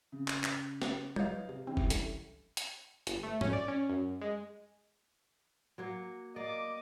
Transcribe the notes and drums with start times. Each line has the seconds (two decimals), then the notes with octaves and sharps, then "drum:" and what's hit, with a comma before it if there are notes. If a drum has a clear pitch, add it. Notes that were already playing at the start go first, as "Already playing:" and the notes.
0.12 C#3
0.28 drum: clap
0.44 drum: clap
0.82 drum: snare
1.16 F#3 B4 D#5 F5 G6 G#6, drum: tom
1.49 C3
1.67 E3 C4 C#4 G4
1.77 drum: kick
1.90 C2 D3, drum: hi-hat
2.57 drum: hi-hat
3.07 G1, drum: hi-hat
3.23 A3
3.41 C#4, drum: tom G#2
3.53 D5
3.68 C#4
3.89 F#2
4.21 G#3
5.78 F#3 A#3 C#5
6.36 A#3 D5 D#5 D6